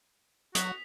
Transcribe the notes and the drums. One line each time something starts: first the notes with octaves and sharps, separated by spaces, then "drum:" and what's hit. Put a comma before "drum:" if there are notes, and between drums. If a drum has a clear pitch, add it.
F#3 F#4 D#6 B6, drum: hi-hat